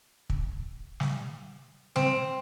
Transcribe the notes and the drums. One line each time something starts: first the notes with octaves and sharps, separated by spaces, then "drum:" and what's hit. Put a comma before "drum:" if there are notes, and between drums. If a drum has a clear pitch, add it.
drum: kick
drum: snare
C4, drum: snare